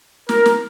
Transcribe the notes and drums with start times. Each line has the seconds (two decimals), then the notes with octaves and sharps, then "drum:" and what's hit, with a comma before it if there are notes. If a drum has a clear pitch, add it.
0.29 A#4, drum: snare
0.46 drum: snare